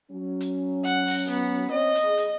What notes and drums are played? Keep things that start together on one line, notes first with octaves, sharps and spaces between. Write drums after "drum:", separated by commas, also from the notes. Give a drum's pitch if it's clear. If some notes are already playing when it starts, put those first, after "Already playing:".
F#3 C#4
drum: hi-hat
F#5, drum: hi-hat
drum: open hi-hat
B3, drum: hi-hat
C4 C#5 D#5
drum: hi-hat
G#4
drum: hi-hat